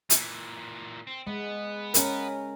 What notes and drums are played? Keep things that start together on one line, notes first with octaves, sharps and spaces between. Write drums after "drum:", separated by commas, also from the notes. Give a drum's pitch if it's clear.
A#2 E3, drum: hi-hat
C4
G#3 B3
C#4 A#4, drum: hi-hat